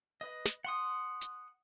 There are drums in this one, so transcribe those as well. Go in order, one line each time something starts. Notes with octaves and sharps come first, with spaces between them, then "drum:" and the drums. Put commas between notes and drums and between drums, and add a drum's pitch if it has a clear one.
B4 D#5
drum: snare
F#5 C6 D#6
drum: hi-hat